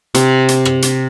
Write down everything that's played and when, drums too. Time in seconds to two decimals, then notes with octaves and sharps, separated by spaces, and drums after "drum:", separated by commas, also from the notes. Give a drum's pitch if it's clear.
0.15 C3, drum: hi-hat
0.48 drum: hi-hat
0.65 drum: rim click
0.82 drum: hi-hat